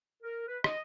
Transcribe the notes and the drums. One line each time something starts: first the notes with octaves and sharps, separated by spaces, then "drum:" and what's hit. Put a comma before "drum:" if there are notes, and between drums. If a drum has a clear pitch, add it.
A#4
B4
D#5, drum: rim click